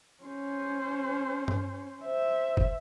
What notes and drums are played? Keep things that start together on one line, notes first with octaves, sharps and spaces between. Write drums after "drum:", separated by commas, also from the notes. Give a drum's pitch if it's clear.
C#4 C5
drum: tom G2
C5 E5
drum: kick